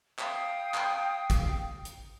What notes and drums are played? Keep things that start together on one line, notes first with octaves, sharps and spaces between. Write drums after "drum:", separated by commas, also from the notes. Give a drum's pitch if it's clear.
F5 G5 D#6, drum: clap
drum: clap
drum: kick A1, hi-hat
drum: hi-hat